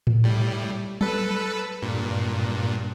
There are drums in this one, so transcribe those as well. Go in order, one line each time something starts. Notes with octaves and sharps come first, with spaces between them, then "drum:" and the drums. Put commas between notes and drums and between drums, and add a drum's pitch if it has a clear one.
drum: tom A2
A2 G3
A4 B4, drum: tom F#3
G2 A#2